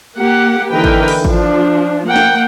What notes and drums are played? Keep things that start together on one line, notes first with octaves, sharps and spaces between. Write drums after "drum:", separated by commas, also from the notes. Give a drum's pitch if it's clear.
A#3 G4 F#5
D3 E3 D#4 A#4 B4 G5
drum: kick G#1
drum: cymbal
F3 D4, drum: kick G#1
A#3 F#5 G5
drum: snare